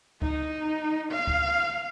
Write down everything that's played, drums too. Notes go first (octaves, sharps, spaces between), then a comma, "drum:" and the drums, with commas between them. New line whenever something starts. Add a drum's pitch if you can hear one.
D#4, drum: kick C#2
F5
drum: kick C#2